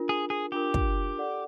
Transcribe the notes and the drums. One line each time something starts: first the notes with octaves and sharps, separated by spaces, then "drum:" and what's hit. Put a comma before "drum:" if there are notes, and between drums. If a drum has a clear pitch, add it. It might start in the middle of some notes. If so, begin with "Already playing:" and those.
Already playing: D4 F4 A#4
G#4
G#4
D4 F4 G4 A#4
drum: kick
A4 D5 F#5